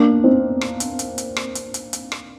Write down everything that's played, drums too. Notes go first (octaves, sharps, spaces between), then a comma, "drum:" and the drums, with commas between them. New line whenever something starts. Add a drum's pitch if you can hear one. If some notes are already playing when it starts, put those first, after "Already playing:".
Already playing: A#3 D4
C4 D#4
drum: rim click
drum: hi-hat
drum: hi-hat
drum: hi-hat
drum: rim click
drum: hi-hat
drum: hi-hat
drum: hi-hat
drum: rim click